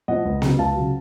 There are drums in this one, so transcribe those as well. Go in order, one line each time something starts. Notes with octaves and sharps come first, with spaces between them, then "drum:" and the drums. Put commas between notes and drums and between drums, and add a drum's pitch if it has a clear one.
A2 F3 C4 D#5 F#5
C#2
C#3 F#3, drum: snare B3
C#2 F5 A5
C#3 F#3